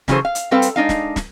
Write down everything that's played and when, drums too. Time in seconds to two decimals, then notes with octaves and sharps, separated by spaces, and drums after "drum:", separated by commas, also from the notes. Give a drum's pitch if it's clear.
0.08 C#3 E3 F#3 G#4 A4 C5, drum: snare
0.25 F5
0.35 drum: hi-hat
0.51 G3 C4 A4 B4 F5
0.62 drum: hi-hat
0.76 G#3 D4 D#4 F5
0.89 drum: snare
1.16 drum: snare